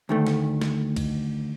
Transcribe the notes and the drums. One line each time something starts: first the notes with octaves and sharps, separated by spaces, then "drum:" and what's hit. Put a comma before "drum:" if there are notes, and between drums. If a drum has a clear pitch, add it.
D2 D#3 A3
drum: snare
drum: snare
drum: kick C2, cymbal